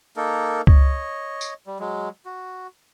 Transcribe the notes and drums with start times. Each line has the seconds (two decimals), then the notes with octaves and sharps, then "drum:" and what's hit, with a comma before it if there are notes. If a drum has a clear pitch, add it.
0.17 A#3 D#4 A4 A#4
0.67 C#5 D#5, drum: kick C#2
1.41 drum: tambourine
1.67 G3
1.80 F#3 G#3
2.26 F#4